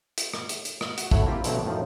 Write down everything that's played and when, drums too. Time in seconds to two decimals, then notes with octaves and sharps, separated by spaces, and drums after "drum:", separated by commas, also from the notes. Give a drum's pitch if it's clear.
0.18 drum: hi-hat
0.34 drum: rim click
0.49 drum: hi-hat
0.65 drum: hi-hat
0.81 drum: rim click
0.98 F#4, drum: hi-hat
1.11 A3 E4 F#4 A4 C#5, drum: kick
1.26 A#3 C4 E4 F4 G4
1.44 B2 D3 F3 F#3 A3 C4, drum: hi-hat
1.64 F#2 A2 D#3 F3